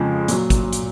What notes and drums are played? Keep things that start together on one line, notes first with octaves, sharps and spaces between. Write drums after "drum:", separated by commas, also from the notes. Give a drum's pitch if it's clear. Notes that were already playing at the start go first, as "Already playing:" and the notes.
Already playing: F2 C#3 F3 G#3
A#2 F#3, drum: hi-hat
drum: kick G#1, hi-hat
drum: hi-hat